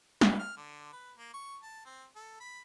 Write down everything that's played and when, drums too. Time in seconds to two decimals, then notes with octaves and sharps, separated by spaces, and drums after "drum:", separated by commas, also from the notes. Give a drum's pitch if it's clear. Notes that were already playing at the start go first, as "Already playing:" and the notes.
0.21 B4, drum: snare
0.39 F6
0.57 D3
0.93 B4
1.18 A#3
1.34 C#6
1.62 A5
1.85 C4
2.16 A4
2.40 B5